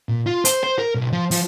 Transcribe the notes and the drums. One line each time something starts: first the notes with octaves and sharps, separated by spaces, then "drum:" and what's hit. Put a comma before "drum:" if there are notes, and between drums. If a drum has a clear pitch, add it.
A#2
F4
C5, drum: hi-hat
C5
A#4
B1
F3
F3, drum: open hi-hat